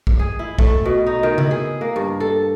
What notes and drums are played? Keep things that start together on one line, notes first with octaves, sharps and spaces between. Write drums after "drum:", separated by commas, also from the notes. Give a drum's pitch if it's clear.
drum: kick A#1
G#4
E4
A3, drum: kick A#1
B2
D#4
D#3
E4, drum: tom C#3
G#4
A#3
G2
A4